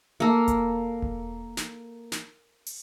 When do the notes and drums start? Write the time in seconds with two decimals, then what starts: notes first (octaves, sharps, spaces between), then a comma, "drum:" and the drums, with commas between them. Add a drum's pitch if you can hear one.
0.20 A#3 A4
0.48 drum: kick E1, hi-hat
1.02 drum: kick E1
1.57 drum: snare
2.12 drum: snare
2.66 drum: open hi-hat